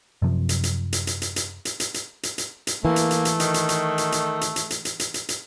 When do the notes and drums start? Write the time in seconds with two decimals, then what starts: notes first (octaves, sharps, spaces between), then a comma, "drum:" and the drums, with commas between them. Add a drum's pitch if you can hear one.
0.22 F#2 C3 F3
0.49 drum: hi-hat
0.63 drum: hi-hat
0.93 drum: hi-hat
1.07 drum: hi-hat
1.22 drum: hi-hat
1.36 drum: hi-hat
1.65 drum: hi-hat
1.80 drum: hi-hat
1.94 drum: hi-hat
2.23 drum: hi-hat
2.38 drum: hi-hat
2.67 drum: hi-hat
2.85 E3 A3 A#3
2.96 drum: hi-hat
3.11 drum: hi-hat
3.25 drum: hi-hat
3.40 D#3, drum: hi-hat
3.54 drum: hi-hat
3.69 drum: hi-hat
3.98 drum: hi-hat
4.12 drum: hi-hat
4.41 drum: hi-hat
4.56 drum: hi-hat
4.70 drum: hi-hat
4.85 drum: hi-hat
5.00 drum: hi-hat
5.14 drum: hi-hat
5.29 drum: hi-hat